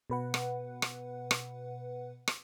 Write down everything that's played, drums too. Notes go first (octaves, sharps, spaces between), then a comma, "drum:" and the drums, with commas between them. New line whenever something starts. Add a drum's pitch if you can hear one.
B2 B4 F#5
drum: rim click
drum: rim click
drum: rim click
drum: rim click